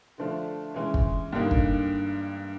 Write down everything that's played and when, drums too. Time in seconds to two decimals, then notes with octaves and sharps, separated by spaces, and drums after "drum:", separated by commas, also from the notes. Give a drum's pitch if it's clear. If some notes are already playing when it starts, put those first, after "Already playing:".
0.18 D3 F3 A3 D4
0.74 E3 G#3 C#4
0.94 drum: kick
1.32 G2 D3 G3 A#3 D#4
1.51 drum: kick